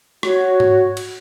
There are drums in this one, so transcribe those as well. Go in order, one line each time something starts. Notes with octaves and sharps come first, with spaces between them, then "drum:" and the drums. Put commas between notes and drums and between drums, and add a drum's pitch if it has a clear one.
F#4 C#5, drum: rim click
drum: tom G#2
drum: cymbal